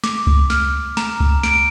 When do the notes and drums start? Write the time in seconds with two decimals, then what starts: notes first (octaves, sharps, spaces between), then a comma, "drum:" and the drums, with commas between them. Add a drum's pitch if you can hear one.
0.04 D6, drum: snare
0.27 drum: kick C#2
0.50 F6, drum: snare
0.97 A#5, drum: snare
1.20 drum: kick C#2
1.43 D7, drum: snare